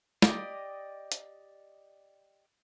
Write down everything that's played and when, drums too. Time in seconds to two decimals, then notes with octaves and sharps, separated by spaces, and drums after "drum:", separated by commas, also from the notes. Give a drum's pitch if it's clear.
0.22 G4 D5 D#5, drum: snare
1.12 drum: hi-hat